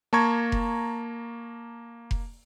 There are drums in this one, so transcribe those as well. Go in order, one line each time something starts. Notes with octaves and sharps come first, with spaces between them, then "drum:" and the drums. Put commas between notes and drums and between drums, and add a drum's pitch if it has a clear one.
A#3 A5 A#5 C#6 G#6
drum: kick F1
drum: kick F1